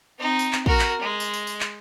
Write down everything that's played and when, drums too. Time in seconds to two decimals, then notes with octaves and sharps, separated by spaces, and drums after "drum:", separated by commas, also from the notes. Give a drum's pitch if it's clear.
0.19 C4 D#4
0.39 drum: tambourine
0.53 drum: clap
0.66 F#4 A#4, drum: kick
0.80 drum: clap
1.01 G#3
1.20 drum: tambourine
1.34 drum: tambourine
1.47 drum: tambourine
1.61 drum: clap